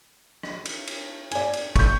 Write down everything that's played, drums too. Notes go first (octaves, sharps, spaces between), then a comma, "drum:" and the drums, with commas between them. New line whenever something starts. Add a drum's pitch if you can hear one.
drum: rim click
drum: cymbal
drum: cymbal
D5 G#5, drum: cymbal
drum: cymbal
C#6 G6, drum: kick, cymbal